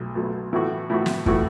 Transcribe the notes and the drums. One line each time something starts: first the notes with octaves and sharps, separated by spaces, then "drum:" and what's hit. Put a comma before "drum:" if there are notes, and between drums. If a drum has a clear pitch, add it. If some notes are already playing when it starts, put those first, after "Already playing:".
Already playing: B1 B2 F#3 A3
B1 B2 F#3 A3
A2 E3 A3 F#4
A2 E3 A3 F#4
drum: snare
A2 E3 A3 F#4, drum: kick